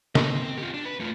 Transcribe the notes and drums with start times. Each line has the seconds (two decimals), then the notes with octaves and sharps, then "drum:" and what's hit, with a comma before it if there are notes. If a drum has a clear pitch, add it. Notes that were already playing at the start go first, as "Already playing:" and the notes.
0.15 D#4 D#5, drum: snare
0.30 C4
0.58 F4 G4
0.74 D4
0.85 B4
1.00 A3 F4